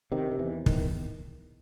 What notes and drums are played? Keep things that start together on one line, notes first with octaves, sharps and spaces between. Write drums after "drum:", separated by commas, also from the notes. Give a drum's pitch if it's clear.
C3 D#3
D#3
E2 E3
E2 D#3, drum: kick